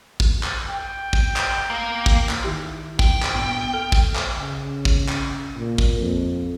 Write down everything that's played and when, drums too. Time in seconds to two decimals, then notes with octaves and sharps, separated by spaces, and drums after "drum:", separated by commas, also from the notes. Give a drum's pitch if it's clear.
0.20 drum: kick
0.43 drum: clap
0.69 G5
1.13 drum: kick
1.36 drum: clap
1.70 A#3
2.06 drum: kick
2.29 drum: clap
2.44 D#3 E4 G4
2.99 G5, drum: kick
3.22 drum: clap
3.34 G2 A#2 B3 D#6
3.74 A4 F6
3.92 drum: kick
4.16 drum: clap
4.39 C#3
4.85 drum: kick
5.09 drum: clap
5.57 A#2
5.78 drum: kick
5.99 F2